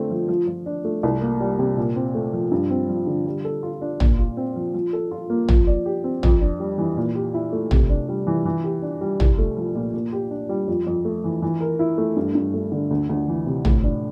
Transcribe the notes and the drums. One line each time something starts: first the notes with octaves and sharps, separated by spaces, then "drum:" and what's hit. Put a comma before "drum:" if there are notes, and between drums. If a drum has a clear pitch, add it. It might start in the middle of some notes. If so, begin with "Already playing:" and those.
Already playing: D3 A3 C4
F3
F3
F3
D4
A3
C2
A#3
G3
C3
A#2
C4
A3
F3
G2
C4
F3
D3
G3
A4
F4
D4
A#2, drum: tom
F4
C4
F3
F3
A4
F4
A#3
F3, drum: tom
D5
G4
C4
F2, drum: tom
D4
G3
E3
A#2
G4
E4
A3
C3, drum: tom
D4
G3
E3
E3
G4
D4
G3
C2, drum: tom
A3
F3
A#2
A#2
G4
D4
G3
F2
F2
A3
E3
E3
A#4
E4
A3
G2
G2
A3
D3
D2
D2
E3
C3
A2, drum: tom
D4